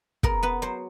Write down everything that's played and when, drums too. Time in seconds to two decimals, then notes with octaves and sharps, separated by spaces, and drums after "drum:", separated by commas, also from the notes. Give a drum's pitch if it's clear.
0.23 B3 A#4, drum: kick
0.43 B3 B4
0.62 F#3 C5